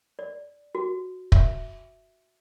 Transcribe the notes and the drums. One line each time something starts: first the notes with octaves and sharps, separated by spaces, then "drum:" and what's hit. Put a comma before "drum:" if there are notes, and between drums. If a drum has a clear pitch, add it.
D5
F#4
E5, drum: kick